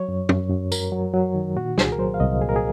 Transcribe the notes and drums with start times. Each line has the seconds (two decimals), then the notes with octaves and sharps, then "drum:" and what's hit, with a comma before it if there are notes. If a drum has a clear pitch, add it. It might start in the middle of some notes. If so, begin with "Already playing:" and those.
Already playing: F#3 C#5
0.08 F#2
0.29 F#2, drum: tom
0.50 F#2
0.72 F#3 A#4, drum: tambourine
0.92 F#3
1.14 F#3
1.35 D#3
1.56 A#2 F#4
1.78 C2 G#4, drum: snare
1.92 A#4
1.99 F#3 C5
2.14 F5
2.20 C2 D#5
2.42 A#2 G#4
2.49 A#4
2.56 G#4